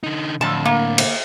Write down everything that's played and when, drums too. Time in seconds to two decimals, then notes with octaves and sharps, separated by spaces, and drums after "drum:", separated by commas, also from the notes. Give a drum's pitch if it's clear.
0.03 D3 D#4
0.41 F2 A2 D3 A5
0.65 A#3
0.98 drum: cymbal